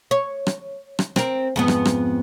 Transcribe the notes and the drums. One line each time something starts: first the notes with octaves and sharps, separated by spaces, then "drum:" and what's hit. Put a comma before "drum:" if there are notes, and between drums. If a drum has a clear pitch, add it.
C#5
drum: rim click
drum: rim click
C4 A#4, drum: rim click
F2 G#2 B3
drum: rim click
drum: rim click